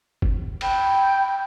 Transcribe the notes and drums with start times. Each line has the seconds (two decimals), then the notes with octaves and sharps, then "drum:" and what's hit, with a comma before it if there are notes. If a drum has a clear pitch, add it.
0.22 drum: kick
0.61 G5 B5, drum: cymbal